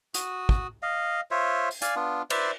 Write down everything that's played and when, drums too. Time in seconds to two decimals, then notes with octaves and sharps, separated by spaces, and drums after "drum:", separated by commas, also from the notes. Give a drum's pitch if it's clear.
0.14 F#4 D#6, drum: hi-hat
0.49 drum: kick
0.82 D#5 F5
1.31 F4 C5 C#5 E5
1.71 drum: open hi-hat
1.82 D5 F5 G#5, drum: hi-hat
1.96 B3 D4 F4
2.30 B4 C5 D5 E5, drum: cymbal